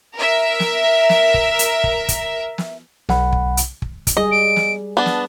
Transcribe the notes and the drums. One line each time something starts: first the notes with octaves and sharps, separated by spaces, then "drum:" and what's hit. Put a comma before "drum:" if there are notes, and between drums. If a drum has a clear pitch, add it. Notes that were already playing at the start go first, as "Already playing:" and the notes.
A#4 E5
drum: snare
drum: snare
drum: kick
drum: hi-hat
drum: kick
drum: kick, hi-hat
drum: snare
B1 F#5 B5, drum: snare
drum: kick
drum: hi-hat
drum: kick
drum: kick, hi-hat
G3 G#4 D#5
D7
drum: snare
B3 D4 A5
drum: snare